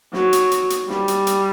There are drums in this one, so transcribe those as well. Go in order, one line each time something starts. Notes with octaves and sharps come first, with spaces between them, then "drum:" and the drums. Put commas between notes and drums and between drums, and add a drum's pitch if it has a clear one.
F#3, drum: snare
drum: hi-hat
drum: hi-hat
drum: hi-hat
G3, drum: snare
drum: hi-hat
drum: hi-hat